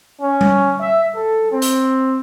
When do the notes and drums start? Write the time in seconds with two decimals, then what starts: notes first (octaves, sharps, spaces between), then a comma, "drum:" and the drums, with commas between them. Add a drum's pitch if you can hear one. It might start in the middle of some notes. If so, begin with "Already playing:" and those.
0.21 C#4
0.41 drum: tom G3
0.81 E5
1.15 A4
1.52 C4
1.62 drum: hi-hat